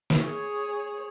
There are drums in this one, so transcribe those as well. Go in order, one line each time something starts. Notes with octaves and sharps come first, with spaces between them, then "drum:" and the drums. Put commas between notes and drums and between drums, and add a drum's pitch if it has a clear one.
drum: snare
G#4 C#5